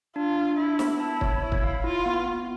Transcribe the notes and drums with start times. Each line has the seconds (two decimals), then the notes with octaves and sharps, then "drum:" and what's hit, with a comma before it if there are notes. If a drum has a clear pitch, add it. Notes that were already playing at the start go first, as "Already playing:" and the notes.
0.16 D4 F4
0.37 D4
0.58 D4 E4
0.79 B3, drum: snare
1.00 E4 A5
1.21 C#5, drum: kick
1.42 E4 C#5
1.52 drum: kick
1.64 F5
1.84 E4 F4
2.06 B3
2.26 B3